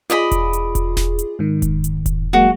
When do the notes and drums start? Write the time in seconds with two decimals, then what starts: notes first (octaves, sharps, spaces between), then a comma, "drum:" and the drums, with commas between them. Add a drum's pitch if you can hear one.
0.10 F4 G#4 D5 D#5 B5, drum: hi-hat
0.31 drum: kick E1, hi-hat
0.53 drum: hi-hat
0.75 drum: kick E1, hi-hat
0.97 drum: snare E1
1.19 drum: hi-hat
1.39 G#2 D#3
1.62 drum: kick E1, hi-hat
1.84 drum: hi-hat
2.06 drum: kick E1, hi-hat
2.33 F#3 G#3 A#3 F#4